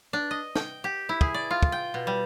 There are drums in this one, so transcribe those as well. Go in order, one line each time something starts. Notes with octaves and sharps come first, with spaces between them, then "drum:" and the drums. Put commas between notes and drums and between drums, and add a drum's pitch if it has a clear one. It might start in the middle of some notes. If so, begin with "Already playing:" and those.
D4
D#5
G5, drum: snare
G4
E4
G#4, drum: kick
D5
F4
drum: kick
G5
B2
G3